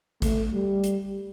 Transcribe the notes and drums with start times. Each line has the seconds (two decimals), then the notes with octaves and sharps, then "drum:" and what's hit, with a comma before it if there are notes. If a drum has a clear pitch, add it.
0.22 A3, drum: kick G#1, hi-hat
0.53 G3
0.84 drum: hi-hat